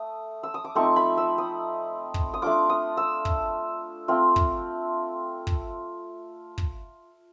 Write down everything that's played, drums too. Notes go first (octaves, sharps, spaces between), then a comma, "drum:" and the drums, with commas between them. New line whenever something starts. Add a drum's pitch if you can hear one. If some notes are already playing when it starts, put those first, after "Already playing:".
Already playing: A3 D#6
E6
D#6
D6
F3 A3 C4 D#4 C#6
B5
E6
D#6
drum: kick
D#6
A3 D4 F4 D6
D#6
E6
drum: kick
A3 C4 F4
drum: kick
drum: kick
drum: kick